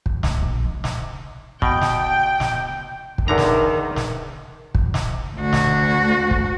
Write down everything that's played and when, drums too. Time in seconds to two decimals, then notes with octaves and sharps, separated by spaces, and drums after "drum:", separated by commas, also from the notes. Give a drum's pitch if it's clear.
0.06 drum: kick
0.23 D2 C#4, drum: snare
0.42 A#1
0.64 G#3
0.84 drum: snare
1.62 B2 G5, drum: kick
1.82 drum: snare
2.40 drum: snare
3.18 drum: kick
3.28 E2 D3 D#3 A#5
3.38 drum: snare
3.96 drum: snare
4.75 drum: kick
4.94 drum: snare
5.37 D2 F#4
5.53 drum: snare
6.31 drum: kick